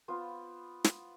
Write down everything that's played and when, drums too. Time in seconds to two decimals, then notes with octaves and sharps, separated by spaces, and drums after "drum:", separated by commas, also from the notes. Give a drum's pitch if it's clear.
0.08 B3 F4 C5
0.84 drum: snare